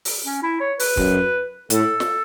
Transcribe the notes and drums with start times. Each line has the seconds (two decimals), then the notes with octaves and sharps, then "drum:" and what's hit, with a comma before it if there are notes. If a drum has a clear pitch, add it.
0.05 drum: open hi-hat
0.25 C#4
0.43 E4
0.60 C#5
0.79 B4, drum: open hi-hat
0.97 F#2, drum: kick
1.70 A2 A4, drum: hi-hat
2.00 drum: snare